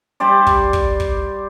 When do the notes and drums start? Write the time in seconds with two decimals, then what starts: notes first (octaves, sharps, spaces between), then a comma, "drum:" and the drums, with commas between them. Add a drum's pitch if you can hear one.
0.20 G3 G4 C5 D5
0.47 drum: kick
0.73 drum: kick
1.00 drum: kick